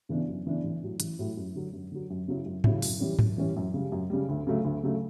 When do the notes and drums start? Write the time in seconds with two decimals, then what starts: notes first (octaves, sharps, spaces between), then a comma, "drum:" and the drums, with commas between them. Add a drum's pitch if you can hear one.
0.09 C#3 E3 B3 D4
0.28 F#2
0.46 C#3 E3 B3 D4
0.64 A1
0.82 A2 F#3
1.00 A1, drum: hi-hat
1.19 A2 F#3
1.37 F#2
1.55 D3 F#3
1.73 F#2
1.92 D3 F#3
2.10 F#2
2.28 C#3 F#3 C#4 E4
2.46 F#2
2.64 C#3 F#3 C#4 E4, drum: tom G#2
2.82 F#2, drum: open hi-hat
3.00 E3 G3 C#4
3.19 F#2, drum: tom G#2
3.38 E3 G3 C#4
3.56 F#2
3.74 C#3 G3
3.92 F#2
4.10 C#3 G3
4.29 D2
4.47 C#3 F#3 A3
4.65 D2
4.84 C#3 F#3 A3